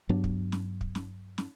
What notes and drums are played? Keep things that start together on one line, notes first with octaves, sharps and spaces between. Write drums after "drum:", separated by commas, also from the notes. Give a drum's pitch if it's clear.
G2 F#3 B3 D4
drum: kick
drum: snare
drum: kick
drum: snare
drum: snare